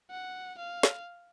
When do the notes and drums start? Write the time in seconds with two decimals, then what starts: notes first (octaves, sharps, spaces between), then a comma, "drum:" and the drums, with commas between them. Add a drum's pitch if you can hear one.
0.11 F#5
0.58 F5
0.83 drum: snare